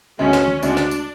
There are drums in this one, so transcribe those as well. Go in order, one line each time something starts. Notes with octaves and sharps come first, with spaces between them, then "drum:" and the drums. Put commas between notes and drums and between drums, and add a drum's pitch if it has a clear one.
D2 C#3 G#3 C#4
drum: snare
drum: tom D3
D2 C#3 G#3 D4, drum: tambourine
drum: snare
drum: tambourine